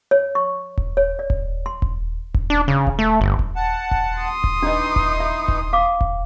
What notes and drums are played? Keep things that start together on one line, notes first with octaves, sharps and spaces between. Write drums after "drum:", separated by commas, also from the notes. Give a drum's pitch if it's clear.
C#5
C#6
drum: kick D#1
C#5
D5
drum: kick D#1
C6
drum: kick D#1
drum: kick D#1
D4
C#3
drum: kick D#1
A3
G1
drum: kick D#1
F#5 A5
drum: kick D#1
C6 D#6
drum: kick D#1
E3 D4 D#4 D#5
drum: kick D#1
E5
drum: kick D#1
F5 D6
drum: kick D#1